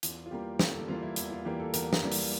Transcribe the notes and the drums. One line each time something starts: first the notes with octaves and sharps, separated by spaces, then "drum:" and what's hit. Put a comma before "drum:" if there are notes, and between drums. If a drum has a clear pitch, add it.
E2 F4, drum: hi-hat
F4
E3 G3 A#3 G4
E2 A4, drum: snare
A4
E3 G3 A#3 F4
E4
E2 E4, drum: hi-hat
F4
E3 G3 A#3 G4
A4
E2 A#4, drum: hi-hat
drum: snare
E3 G3 A#3
drum: open hi-hat